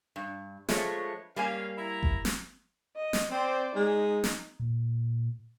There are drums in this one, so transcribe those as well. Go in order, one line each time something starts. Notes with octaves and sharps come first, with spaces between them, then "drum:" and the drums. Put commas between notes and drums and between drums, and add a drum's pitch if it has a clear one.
G2
F3 G#3 A3 D4 B4 C#5, drum: snare
G3 A#3 C#4 F5 G#5
E4 A#5
drum: kick G1
drum: snare
D#5
drum: snare
C4 C5 D5
G#3 D#4
drum: snare
A#2